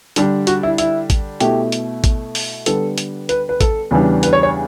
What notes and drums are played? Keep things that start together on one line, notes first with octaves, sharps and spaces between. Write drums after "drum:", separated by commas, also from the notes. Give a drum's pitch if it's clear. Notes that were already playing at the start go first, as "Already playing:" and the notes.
D3 G3 D4, drum: hi-hat
F#4, drum: hi-hat
E4
E4, drum: hi-hat
drum: kick A1, hi-hat
B2 A3 E4 G4, drum: hi-hat
drum: hi-hat
drum: kick A1, hi-hat
drum: open hi-hat
D3 G3 B3 A4, drum: hi-hat
drum: hi-hat
B4, drum: hi-hat
B4
A4, drum: kick A1, hi-hat
E2 C#3 E3 G3 D4
B4, drum: hi-hat
C#5
C#5